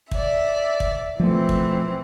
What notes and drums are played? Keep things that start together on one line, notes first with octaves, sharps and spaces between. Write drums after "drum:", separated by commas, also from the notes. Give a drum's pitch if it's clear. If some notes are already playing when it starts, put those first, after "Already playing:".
D5 E5, drum: kick
drum: kick
B2 E3 F3 A3 C4
drum: kick